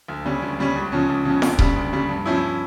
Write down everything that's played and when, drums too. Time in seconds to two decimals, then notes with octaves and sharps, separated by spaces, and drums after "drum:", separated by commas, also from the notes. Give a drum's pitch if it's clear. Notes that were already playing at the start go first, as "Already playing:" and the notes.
0.08 D2
0.25 C#3 G3 C#4
0.42 D2
0.59 C#3 G3 C#4
0.75 C#2
0.92 C#3 F3 C#4
1.09 C#2
1.25 C#3 F3 C#4
1.42 D2, drum: snare F4
1.59 C#3 G3, drum: kick D#1
1.76 D2
1.93 C#3 G3
2.09 G2
2.26 F3 C#4 E4